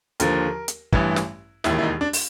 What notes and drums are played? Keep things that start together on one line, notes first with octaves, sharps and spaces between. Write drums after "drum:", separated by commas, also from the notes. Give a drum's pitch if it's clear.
D#2 D3 F3 A#4, drum: hi-hat
drum: hi-hat
A1 G2 E3, drum: kick
drum: snare
E1 D#2 D#3 E4, drum: snare
E4
D#4
D4
drum: open hi-hat